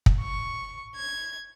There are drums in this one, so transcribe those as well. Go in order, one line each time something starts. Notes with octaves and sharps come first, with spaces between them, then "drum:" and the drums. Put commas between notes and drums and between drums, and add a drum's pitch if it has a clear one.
drum: kick
C#6
G#6